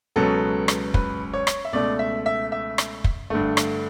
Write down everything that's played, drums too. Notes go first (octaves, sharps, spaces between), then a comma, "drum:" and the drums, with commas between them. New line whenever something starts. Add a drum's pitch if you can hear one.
C#2 B2 F#3 B3 A4
drum: rim click
B4, drum: kick
C#5
drum: rim click
E5
C#2 B2 A3 D5
E5
E5
E5
drum: rim click
drum: kick
G2 D3 A3
drum: rim click